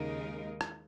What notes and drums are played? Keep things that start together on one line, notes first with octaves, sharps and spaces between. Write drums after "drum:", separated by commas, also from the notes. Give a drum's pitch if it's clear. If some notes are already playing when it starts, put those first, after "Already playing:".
Already playing: D#2 C#3 G#3 D#4 A#4
drum: rim click